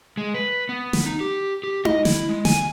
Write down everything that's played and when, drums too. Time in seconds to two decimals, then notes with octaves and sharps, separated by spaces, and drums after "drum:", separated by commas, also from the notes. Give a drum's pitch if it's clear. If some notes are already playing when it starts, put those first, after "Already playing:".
0.17 G#3
0.35 B4
0.69 B3
0.93 drum: snare
1.06 D#4
1.20 G4
1.63 G4
1.85 D#5, drum: tom D#4
2.05 E4, drum: snare
2.29 G#3
2.45 G#5, drum: snare